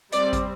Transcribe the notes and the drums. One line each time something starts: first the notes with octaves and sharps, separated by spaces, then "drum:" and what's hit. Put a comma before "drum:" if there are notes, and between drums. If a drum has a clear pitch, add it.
G3 C4 D5, drum: hi-hat
drum: kick, hi-hat